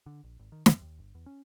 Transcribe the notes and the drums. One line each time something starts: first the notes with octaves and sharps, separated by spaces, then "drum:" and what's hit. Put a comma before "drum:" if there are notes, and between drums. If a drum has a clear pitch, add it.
D3
A#1
G#1
D#3
F#2, drum: snare
D#2
G1
E2
C#4